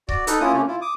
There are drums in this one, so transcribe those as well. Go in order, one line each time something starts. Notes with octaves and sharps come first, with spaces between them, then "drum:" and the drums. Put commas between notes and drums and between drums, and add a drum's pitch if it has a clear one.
F#4 D5, drum: kick C#1
D#4 A4 B4, drum: hi-hat
A#3 C#4 E4 F4 D#6
C3 A3 A#3 C#4
E4 F4
D6 D#6